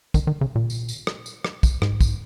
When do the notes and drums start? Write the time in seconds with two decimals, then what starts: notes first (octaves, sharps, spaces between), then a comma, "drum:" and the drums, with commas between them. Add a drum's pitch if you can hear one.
0.14 D#3, drum: kick, tambourine
0.27 D#3
0.41 C#3
0.55 A#2
0.70 drum: tambourine
0.88 drum: tambourine
1.07 drum: rim click
1.26 drum: tambourine
1.45 drum: rim click
1.63 drum: kick, tambourine
1.82 G#2, drum: rim click
2.01 drum: kick, tambourine